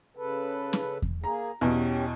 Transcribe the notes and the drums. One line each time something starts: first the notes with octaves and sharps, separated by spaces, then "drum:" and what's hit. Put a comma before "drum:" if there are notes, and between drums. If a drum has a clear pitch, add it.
C#3 A4 B4
drum: snare C#4
drum: kick E2
A#3 G#4 A#5
E2 B2 C#4 G4